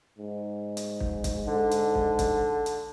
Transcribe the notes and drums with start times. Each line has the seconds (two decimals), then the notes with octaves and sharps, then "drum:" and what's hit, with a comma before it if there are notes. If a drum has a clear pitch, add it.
0.19 G#2
0.77 drum: hi-hat
1.00 drum: kick
1.24 drum: kick, hi-hat
1.48 D3
1.71 drum: hi-hat
1.95 drum: kick
2.19 drum: kick, hi-hat
2.66 drum: hi-hat